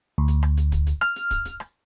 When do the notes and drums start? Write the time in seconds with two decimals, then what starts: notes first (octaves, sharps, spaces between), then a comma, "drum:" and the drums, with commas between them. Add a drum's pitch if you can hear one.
0.18 D2
0.28 drum: hi-hat
0.43 drum: rim click
0.57 drum: hi-hat
0.72 drum: kick, hi-hat
0.87 drum: hi-hat
1.01 F6, drum: rim click
1.16 drum: hi-hat
1.31 drum: kick, hi-hat
1.45 drum: hi-hat
1.60 drum: rim click